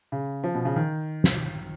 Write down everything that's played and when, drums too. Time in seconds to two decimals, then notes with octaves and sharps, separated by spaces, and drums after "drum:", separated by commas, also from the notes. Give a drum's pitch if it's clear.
0.12 C#3
0.44 F3
0.55 B2
0.65 C#3
0.76 D#3
1.24 drum: snare